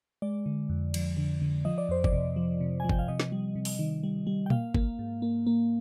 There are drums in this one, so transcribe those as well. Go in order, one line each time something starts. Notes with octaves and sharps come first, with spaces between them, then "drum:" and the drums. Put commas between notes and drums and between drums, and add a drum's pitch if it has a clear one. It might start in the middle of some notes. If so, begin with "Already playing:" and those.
G#3 D5
D3
F2
F3, drum: cymbal
D3
D3
F3 D#5
D5
F2 C5
D5, drum: kick
C3
F3
C3
G#5
F3
G5, drum: kick
F5
C3 D#5
drum: snare
G3
C3
drum: open hi-hat
D#3
G3
G3
G5
A#3 F5, drum: tom A#2
A#3, drum: kick
G#2
A#3
A#3